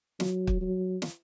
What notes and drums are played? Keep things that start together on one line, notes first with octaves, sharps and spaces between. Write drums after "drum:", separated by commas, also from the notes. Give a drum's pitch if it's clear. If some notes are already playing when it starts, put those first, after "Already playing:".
F#3, drum: snare
drum: kick
F#3
drum: snare